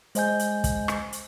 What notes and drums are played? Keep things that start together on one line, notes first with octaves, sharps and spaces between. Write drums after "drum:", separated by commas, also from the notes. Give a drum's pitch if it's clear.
G#3 C5 D#5 G#5 G6, drum: hi-hat
drum: hi-hat
drum: kick, hi-hat
drum: rim click
drum: hi-hat